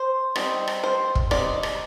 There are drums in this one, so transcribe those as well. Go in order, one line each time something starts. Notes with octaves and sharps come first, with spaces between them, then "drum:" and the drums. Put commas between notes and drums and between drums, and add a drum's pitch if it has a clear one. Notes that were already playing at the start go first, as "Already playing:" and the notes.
Already playing: C5
G3 C4 D#4, drum: rim click
drum: rim click
C5
drum: kick
G3 C4 D#4 D5, drum: rim click
drum: rim click